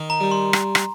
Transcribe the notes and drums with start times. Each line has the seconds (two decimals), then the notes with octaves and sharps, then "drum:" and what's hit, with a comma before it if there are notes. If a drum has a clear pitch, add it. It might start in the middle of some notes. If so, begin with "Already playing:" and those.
Already playing: D#3
0.10 A#5
0.21 G3
0.32 C6
0.53 drum: rim click
0.75 drum: rim click